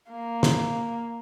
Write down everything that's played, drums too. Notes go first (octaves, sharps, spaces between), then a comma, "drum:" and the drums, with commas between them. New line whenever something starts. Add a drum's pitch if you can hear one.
A#3
drum: snare